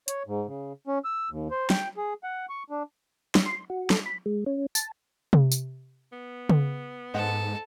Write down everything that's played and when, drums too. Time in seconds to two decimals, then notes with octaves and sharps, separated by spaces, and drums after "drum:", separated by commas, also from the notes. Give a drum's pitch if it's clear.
0.08 C#5, drum: hi-hat
0.27 G#2
0.47 C#3
0.87 C#4
1.05 E6
1.30 D#2
1.51 C5
1.70 G5, drum: snare
1.97 G#4
2.24 F#5
2.50 C#6
2.70 D4
3.35 drum: snare
3.46 C6
3.70 F#4
3.90 A4, drum: snare
4.06 B5
4.26 G#3
4.46 C#4
4.75 A5, drum: tambourine
5.33 drum: tom C3
5.52 drum: tambourine
6.12 B3
6.49 drum: tom C#3
7.14 G#2 A4 C5 D#5 F#5